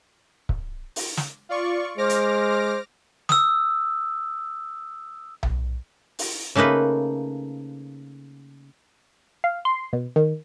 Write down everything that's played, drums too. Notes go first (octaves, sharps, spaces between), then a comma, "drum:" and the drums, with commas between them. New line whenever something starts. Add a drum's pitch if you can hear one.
drum: kick C#1
drum: open hi-hat
drum: snare
F4 D5 C#6
G#3 C5 D6 F6 A#6
drum: hi-hat
D#6 E6, drum: snare
drum: tom B1
drum: open hi-hat
C#3 A3 A#3 D#4 B4
F5
C6
B2
D#3